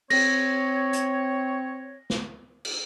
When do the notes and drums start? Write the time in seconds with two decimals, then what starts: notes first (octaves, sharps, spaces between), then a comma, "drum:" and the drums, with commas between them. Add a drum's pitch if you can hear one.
0.10 C4 C#5 A#6, drum: cymbal
0.93 drum: hi-hat
2.10 drum: snare
2.65 drum: cymbal